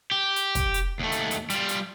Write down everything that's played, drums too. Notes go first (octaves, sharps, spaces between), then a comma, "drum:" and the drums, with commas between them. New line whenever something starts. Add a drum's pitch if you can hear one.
G4
drum: hi-hat
drum: kick, hi-hat
drum: hi-hat
D#2 A3
drum: hi-hat
drum: hi-hat
G3 F4, drum: hi-hat
drum: hi-hat